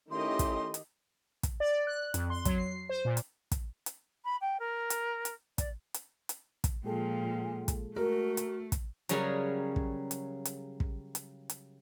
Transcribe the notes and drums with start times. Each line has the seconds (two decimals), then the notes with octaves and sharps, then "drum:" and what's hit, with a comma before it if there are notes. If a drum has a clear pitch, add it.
0.11 D#3 A3 C#4 E4 G4 D#5 C6
0.39 drum: kick, hi-hat
0.74 drum: hi-hat
1.43 drum: kick, hi-hat
1.60 D5
1.87 F#6
2.14 F2, drum: hi-hat
2.30 C6
2.45 F#3, drum: kick, hi-hat
2.58 C7
2.89 C5
3.05 A#2
3.17 drum: hi-hat
3.52 drum: kick, hi-hat
3.86 drum: hi-hat
4.25 B5
4.41 G5
4.60 A#4
4.90 drum: hi-hat
5.25 drum: hi-hat
5.58 D5, drum: kick, hi-hat
5.94 drum: hi-hat
6.29 drum: hi-hat
6.64 drum: kick, hi-hat
6.84 A#2 F3 G#3 G#4 A4 G5
7.68 drum: kick, hi-hat
7.96 A3 F#4 A#4
8.37 drum: hi-hat
8.72 drum: kick, hi-hat
9.09 C#3 F#3 G3 C#4 G#4 A#4, drum: hi-hat
9.76 drum: kick
10.11 drum: hi-hat
10.45 drum: hi-hat
10.80 drum: kick
11.15 drum: hi-hat
11.50 drum: hi-hat